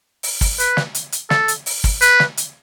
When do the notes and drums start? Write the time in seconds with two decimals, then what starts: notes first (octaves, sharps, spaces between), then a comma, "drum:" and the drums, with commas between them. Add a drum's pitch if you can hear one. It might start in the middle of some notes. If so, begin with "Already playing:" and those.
0.23 drum: open hi-hat
0.41 drum: kick, open hi-hat
0.59 B4, drum: hi-hat
0.77 drum: snare
0.95 drum: hi-hat
1.12 drum: hi-hat
1.30 A4, drum: snare
1.48 drum: hi-hat
1.66 drum: open hi-hat
1.84 drum: kick, open hi-hat
2.02 B4, drum: hi-hat
2.20 drum: snare
2.37 drum: hi-hat